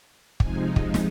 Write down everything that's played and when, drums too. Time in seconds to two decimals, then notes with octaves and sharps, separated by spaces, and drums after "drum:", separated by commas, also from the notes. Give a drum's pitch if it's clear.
0.40 C3 F3 G#3 D#4 G#5, drum: kick
0.76 drum: kick
0.94 drum: snare